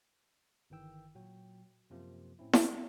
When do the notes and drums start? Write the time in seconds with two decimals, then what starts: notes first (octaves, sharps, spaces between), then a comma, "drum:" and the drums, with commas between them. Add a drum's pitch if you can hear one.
0.70 G1 D#3 E3 G5 E6
1.15 A#2 F#3 F#4 G5
1.90 F#2 C3 F3 A#3 F4
2.39 A2 C4 C#4 E4
2.53 A3 C4, drum: snare E4